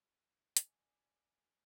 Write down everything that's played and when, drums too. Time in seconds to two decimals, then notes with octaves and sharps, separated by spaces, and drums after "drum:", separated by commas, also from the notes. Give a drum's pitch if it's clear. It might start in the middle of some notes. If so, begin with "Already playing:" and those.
0.57 D5 G#5, drum: hi-hat